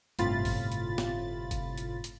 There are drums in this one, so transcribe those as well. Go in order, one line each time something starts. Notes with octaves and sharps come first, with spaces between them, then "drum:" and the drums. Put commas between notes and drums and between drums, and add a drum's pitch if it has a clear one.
G1 A2 C3 F4 B5 A6, drum: hi-hat
drum: kick F#1, open hi-hat
drum: hi-hat
drum: snare B3
drum: kick F#1, hi-hat
drum: hi-hat
drum: hi-hat